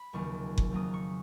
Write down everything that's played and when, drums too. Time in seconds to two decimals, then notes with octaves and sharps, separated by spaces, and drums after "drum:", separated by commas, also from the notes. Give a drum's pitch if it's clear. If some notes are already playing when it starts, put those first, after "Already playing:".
Already playing: B5
0.13 F1 D#2 C#3 F#3 C#6
0.58 drum: kick F#1
0.71 F2 C#3 F#3 A#3 D#6
0.94 C#6